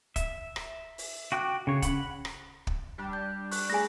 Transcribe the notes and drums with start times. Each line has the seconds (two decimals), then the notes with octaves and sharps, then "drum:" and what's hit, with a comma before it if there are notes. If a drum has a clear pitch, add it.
0.16 E5, drum: kick, hi-hat
0.56 drum: rim click
0.98 drum: open hi-hat
1.32 F#4 G5 D6 F#6
1.67 C#3 C#5
1.82 F#5 B5, drum: kick, hi-hat
2.25 drum: rim click
2.67 drum: kick
2.98 G3 D4 G4
3.13 G6
3.51 C#6 F#6, drum: open hi-hat
3.70 A3 G#4 G#5 A#6